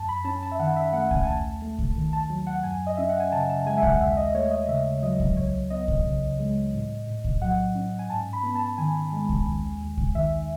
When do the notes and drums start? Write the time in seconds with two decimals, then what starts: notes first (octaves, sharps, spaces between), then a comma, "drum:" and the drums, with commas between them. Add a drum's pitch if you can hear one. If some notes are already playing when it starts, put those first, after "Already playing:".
Already playing: F#2 A5
0.09 B5
0.24 C#4 A5
0.43 A5
0.52 E5
0.59 D#3 F#5
0.76 E5
0.93 A3 F#5
1.11 G#5, drum: kick
1.22 G#5
1.27 D#2 A5
1.62 A3
1.79 drum: kick
1.96 D#3
2.13 A5
2.30 F#3
2.47 F#5
2.63 F#2 G#5
2.87 D#5
2.97 C#4 E5
3.09 F#5
3.20 G#5
3.32 C#3 A5
3.50 A5
3.66 G#3 G#5
3.78 E5
3.83 F#5, drum: kick
4.00 D#2 E5
4.17 D#5
4.35 A3 C#5
4.51 D#5
4.68 C#3 E5
5.02 F#3 D#5
5.20 drum: kick
5.37 C#2 C#5
5.70 B3 D#5
5.88 drum: kick
6.05 C#3
6.39 G#3
6.74 A2
7.07 A2
7.24 drum: kick
7.42 F#3 F#5
7.75 C#4
7.99 G#5
8.10 G#2 A5
8.33 B5
8.44 B3
8.55 A5
8.78 D#3 G#5
9.13 G#3
9.29 drum: kick
9.46 D#2
9.81 D#2
9.97 drum: kick
10.15 D#3 E5